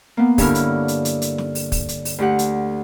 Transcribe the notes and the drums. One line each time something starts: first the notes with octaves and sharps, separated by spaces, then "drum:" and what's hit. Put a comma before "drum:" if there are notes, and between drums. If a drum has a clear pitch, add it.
A#3 B3
G2 D3 C#4 E4 A#4 F6, drum: kick, open hi-hat
drum: hi-hat
drum: hi-hat
drum: hi-hat
drum: hi-hat
drum: snare
drum: open hi-hat
drum: kick, open hi-hat
drum: hi-hat
drum: open hi-hat
D2 G4 F#5
drum: hi-hat